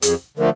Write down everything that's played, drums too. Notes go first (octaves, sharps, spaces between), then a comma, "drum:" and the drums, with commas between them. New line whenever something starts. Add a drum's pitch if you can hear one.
F2 G#4, drum: hi-hat
D3 F3 A3 A#4